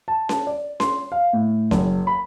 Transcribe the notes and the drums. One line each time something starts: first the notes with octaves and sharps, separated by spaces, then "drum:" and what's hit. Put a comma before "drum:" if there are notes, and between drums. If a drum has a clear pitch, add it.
A5
A5, drum: snare C#4
D5
C6, drum: snare C#4
F5
A2
F#1, drum: snare C#4
B5